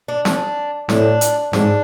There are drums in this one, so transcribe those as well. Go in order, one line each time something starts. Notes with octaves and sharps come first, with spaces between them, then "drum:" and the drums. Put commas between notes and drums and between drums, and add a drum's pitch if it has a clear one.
D4
D4, drum: snare
A2 D4, drum: snare
drum: hi-hat
G#2 D4, drum: snare